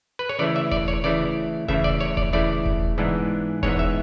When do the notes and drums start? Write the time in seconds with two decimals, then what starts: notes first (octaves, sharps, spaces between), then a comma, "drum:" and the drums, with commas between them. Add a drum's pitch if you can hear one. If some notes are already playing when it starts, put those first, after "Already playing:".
0.19 B4
0.29 C#5
0.39 C#3 E3 A3 E4 D5
0.56 E5
0.72 D5, drum: kick E1
0.88 C#5
1.04 C#3 E3 A3 E4 D5
1.68 C#3 E3 A3 E4 E5, drum: kick E1
1.84 D5
2.00 C#5
2.17 D5, drum: kick E1
2.33 C#3 E3 A3 E4 D5
2.66 drum: kick E1
2.98 G#2 E3 G#3 B3 D4
3.63 G#2 E3 G#3 B3 D4 C#5, drum: kick E1
3.79 E5